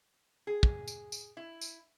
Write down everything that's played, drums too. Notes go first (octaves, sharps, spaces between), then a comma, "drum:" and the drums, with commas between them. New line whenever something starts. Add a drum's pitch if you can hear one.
G#4
drum: kick
drum: tambourine
drum: tambourine
E4
drum: tambourine